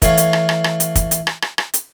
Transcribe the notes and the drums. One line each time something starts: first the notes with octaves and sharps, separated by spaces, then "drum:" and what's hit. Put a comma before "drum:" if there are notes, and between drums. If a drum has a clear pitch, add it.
E3 A3 C#5 F5, drum: kick, hi-hat
drum: hi-hat
drum: rim click
drum: rim click
drum: rim click
drum: hi-hat
drum: kick, hi-hat
drum: hi-hat
drum: rim click
drum: rim click
drum: rim click
drum: hi-hat